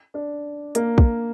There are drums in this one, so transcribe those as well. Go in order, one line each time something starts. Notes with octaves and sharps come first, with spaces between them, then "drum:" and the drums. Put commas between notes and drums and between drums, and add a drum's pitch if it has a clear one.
D4
A#3, drum: hi-hat
drum: kick